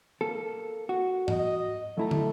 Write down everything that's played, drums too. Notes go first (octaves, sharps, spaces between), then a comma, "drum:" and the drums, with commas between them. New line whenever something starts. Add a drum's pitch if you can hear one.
A#3 A4
F#4
D#5, drum: tom G#2
F#3 A3 E4 A#5
drum: tom